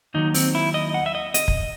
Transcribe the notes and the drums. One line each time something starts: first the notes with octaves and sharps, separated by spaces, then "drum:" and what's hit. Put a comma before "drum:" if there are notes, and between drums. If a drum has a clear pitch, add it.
D#2 D#3 F#3 D#4
C4, drum: open hi-hat
E4
D#5
F#5
E5
D#5
D#5, drum: hi-hat
drum: kick